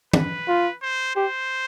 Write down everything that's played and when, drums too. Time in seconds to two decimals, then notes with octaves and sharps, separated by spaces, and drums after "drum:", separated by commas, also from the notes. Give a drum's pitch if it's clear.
0.14 B4, drum: tom
0.48 F4
0.82 C5
1.16 G4 C5